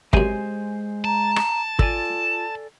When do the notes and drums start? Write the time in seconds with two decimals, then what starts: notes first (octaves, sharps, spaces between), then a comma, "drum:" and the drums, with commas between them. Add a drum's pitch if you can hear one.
0.13 F#2 C3 G#3 C5 G#5, drum: kick
1.05 A5 A#5
1.36 drum: rim click
1.79 F4 A4 D5 G#5, drum: kick